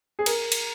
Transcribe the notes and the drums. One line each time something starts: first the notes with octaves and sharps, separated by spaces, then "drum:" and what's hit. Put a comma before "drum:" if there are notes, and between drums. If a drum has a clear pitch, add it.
G#4
A#4, drum: cymbal
drum: cymbal